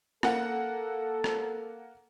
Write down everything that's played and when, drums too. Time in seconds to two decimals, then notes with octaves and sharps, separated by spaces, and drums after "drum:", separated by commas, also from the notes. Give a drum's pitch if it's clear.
0.23 A#3 A4 F#5, drum: rim click
1.24 drum: rim click